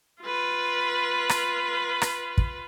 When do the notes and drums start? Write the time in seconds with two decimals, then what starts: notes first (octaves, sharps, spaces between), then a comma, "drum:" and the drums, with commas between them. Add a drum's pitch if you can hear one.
0.21 F4 B4
1.29 drum: rim click
2.02 drum: rim click
2.38 drum: kick